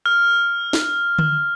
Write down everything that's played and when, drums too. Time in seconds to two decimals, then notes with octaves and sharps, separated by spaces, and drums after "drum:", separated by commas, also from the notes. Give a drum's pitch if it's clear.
0.06 F6
0.73 drum: snare
1.19 drum: tom D3